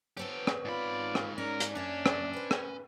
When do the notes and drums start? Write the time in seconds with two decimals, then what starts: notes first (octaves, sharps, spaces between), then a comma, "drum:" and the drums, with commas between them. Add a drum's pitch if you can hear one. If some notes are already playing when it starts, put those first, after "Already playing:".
0.17 B3 C4 G4 A4 C#5
0.47 drum: rim click
0.65 G#2 F4 D5 B5
1.15 drum: rim click
1.38 C#4 A#4 D5
1.60 drum: hi-hat
1.75 F#2 A#3 C#4 D4 E5
2.06 drum: rim click
2.33 B4 C5 G5
2.51 drum: rim click